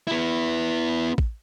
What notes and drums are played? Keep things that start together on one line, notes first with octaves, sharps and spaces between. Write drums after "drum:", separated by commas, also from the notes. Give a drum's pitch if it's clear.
B3 E4
drum: kick A1